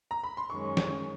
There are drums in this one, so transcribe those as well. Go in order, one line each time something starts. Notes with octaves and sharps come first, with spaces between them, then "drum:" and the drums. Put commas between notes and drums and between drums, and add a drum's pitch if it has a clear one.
A#5
B5
C6
F#2 D#3 G#3 C#4 C#6
drum: snare